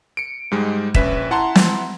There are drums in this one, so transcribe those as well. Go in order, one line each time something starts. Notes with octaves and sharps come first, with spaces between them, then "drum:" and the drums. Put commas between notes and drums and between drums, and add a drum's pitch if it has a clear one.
C#7 D7
G#2 G3 G#3
A#1 C#4 B4 E5 B6 E7, drum: kick
E4 F#5 A5 A#5 C6
drum: snare